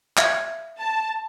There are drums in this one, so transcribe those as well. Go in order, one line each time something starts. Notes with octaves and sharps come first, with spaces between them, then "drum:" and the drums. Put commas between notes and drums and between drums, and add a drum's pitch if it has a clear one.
E5 F5 G#6, drum: clap
A5